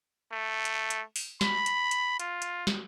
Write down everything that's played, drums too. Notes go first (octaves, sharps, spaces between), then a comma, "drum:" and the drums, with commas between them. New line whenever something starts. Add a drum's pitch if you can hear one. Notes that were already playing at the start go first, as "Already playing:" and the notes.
A3
drum: hi-hat
drum: hi-hat
drum: open hi-hat
B5, drum: snare
drum: hi-hat
drum: hi-hat
F4, drum: hi-hat
drum: hi-hat
drum: snare